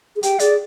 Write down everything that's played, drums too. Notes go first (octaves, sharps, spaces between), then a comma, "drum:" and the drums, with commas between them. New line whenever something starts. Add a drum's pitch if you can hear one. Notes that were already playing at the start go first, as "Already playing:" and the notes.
G#4
G4 G5, drum: hi-hat
G#4 D5, drum: hi-hat